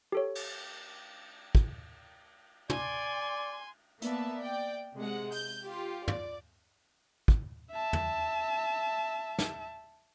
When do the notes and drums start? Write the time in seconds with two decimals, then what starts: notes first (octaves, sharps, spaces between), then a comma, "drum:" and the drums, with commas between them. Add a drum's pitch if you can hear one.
0.12 G4 A4 C#5
0.35 drum: cymbal
1.55 drum: kick
2.70 D5 G#5 C6, drum: tom
4.02 A#3 B3 D5 E5 A5, drum: hi-hat
4.36 D5 G5
4.97 C3 G#3 F#5
5.32 G6, drum: open hi-hat
5.64 F4 G4
6.08 D5, drum: tom
7.28 drum: kick
7.72 E5 A5
7.93 drum: tom
9.39 drum: snare